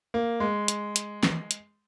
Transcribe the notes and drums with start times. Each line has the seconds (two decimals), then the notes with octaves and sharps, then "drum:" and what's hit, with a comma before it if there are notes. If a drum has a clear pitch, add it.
0.14 A#3
0.40 G#3
0.68 drum: hi-hat
0.96 drum: hi-hat
1.23 drum: snare
1.51 drum: hi-hat